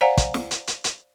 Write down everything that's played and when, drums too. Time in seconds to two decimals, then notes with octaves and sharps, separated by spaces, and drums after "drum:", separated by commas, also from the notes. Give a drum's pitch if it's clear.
0.01 C5 D5 F5 F#5 G#5 A#5
0.17 drum: kick, hi-hat
0.34 drum: snare
0.51 drum: hi-hat
0.67 drum: hi-hat
0.84 drum: hi-hat